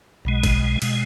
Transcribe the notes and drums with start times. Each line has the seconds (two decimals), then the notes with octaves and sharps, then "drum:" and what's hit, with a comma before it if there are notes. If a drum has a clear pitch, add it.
0.25 B1 B2 G#3
0.43 drum: kick, cymbal
0.82 B2 G#3, drum: cymbal